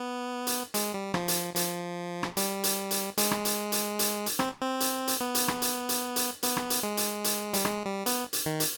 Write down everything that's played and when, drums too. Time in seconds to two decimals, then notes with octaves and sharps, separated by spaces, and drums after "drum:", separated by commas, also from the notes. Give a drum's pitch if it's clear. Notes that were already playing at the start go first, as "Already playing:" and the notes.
Already playing: B3
0.47 drum: hi-hat
0.74 G#3, drum: hi-hat
0.94 G3
1.14 F3, drum: rim click
1.28 drum: hi-hat
1.56 F3, drum: hi-hat
2.23 drum: rim click
2.37 G3, drum: hi-hat
2.64 drum: hi-hat
2.91 drum: hi-hat
3.18 G#3, drum: hi-hat
3.31 drum: rim click
3.45 drum: hi-hat
3.72 drum: hi-hat
3.99 drum: hi-hat
4.26 drum: hi-hat
4.39 C4, drum: rim click
4.61 C4
4.80 drum: hi-hat
5.07 drum: hi-hat
5.20 B3
5.35 drum: hi-hat
5.48 drum: rim click
5.62 drum: hi-hat
5.89 drum: hi-hat
6.16 drum: hi-hat
6.43 B3, drum: hi-hat
6.57 drum: rim click
6.70 drum: hi-hat
6.83 G#3
6.97 drum: hi-hat
7.24 drum: hi-hat
7.54 G3, drum: hi-hat
7.65 G#3, drum: rim click
7.86 G3
8.06 B3, drum: hi-hat
8.33 drum: hi-hat
8.46 D#3
8.60 drum: hi-hat